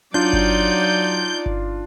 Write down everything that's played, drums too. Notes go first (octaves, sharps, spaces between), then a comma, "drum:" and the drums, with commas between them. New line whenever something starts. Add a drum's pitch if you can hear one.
F#3 D4 D#4 F4 D5 G6
drum: kick G1
drum: kick G1